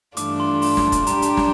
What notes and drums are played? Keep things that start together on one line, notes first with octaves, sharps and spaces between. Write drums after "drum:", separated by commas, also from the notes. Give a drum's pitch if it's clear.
G2 E3 A3 D4 F4 D6, drum: hi-hat
C6
C6, drum: open hi-hat
drum: snare
drum: kick F1, hi-hat
G3 D4 G4 A#5, drum: hi-hat
drum: hi-hat
drum: snare